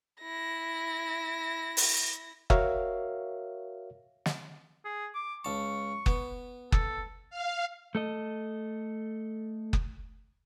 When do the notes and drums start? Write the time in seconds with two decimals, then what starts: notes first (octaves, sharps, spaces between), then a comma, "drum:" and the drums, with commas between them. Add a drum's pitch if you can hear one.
0.22 E4 A#6
1.77 drum: open hi-hat
2.50 F#4 A#4 C#5 E5 F5, drum: kick F#1
4.26 drum: snare
4.85 G#4
5.15 D6
5.45 C#2 A5 C#6
6.06 B3, drum: kick F#1
6.72 A4, drum: kick F#1
7.30 F5
7.95 A3 A4 D#5
9.73 drum: kick F#1